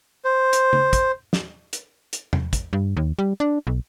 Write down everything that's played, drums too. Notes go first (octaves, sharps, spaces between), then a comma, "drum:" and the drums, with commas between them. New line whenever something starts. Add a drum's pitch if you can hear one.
C5
drum: hi-hat
drum: tom C#3
drum: kick, hi-hat
drum: snare
drum: hi-hat
drum: hi-hat
drum: tom E2
drum: kick, hi-hat
G2
D#2
G3
D4
B1